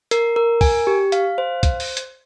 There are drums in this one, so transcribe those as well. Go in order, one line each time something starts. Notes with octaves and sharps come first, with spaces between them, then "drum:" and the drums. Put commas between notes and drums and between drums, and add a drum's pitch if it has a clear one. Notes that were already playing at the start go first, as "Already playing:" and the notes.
A#4, drum: hi-hat
A#4
G#5, drum: kick, open hi-hat
G4
F5, drum: hi-hat
C5
drum: kick, hi-hat
drum: open hi-hat
drum: hi-hat